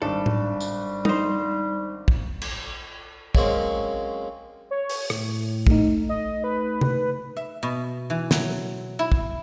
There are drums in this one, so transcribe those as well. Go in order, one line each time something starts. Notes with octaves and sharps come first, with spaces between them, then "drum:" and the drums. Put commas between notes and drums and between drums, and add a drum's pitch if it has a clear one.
G#1 G3 D4 A4
drum: tom A2
drum: tambourine
D#4 C5, drum: tom G3
drum: kick
drum: cymbal
F#3 G#3 A#3 C4 C#4, drum: kick
C#5
drum: open hi-hat
A2, drum: rim click
A3 D#4, drum: kick
D#5
B4
drum: tom C3
E5
B2
E3
F#3, drum: snare
E4
drum: kick